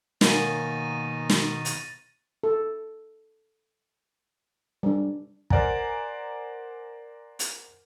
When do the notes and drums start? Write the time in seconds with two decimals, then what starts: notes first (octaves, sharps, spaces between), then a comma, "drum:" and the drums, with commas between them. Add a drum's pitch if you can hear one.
0.21 B2 D#3 A#3 B3 C#4 A6 A#6 D#7, drum: snare
1.30 drum: snare
1.65 drum: hi-hat
2.43 A4
4.83 G3 D4
5.50 A#4 C5 D5 F#5 G#5 A#5, drum: kick
7.39 drum: hi-hat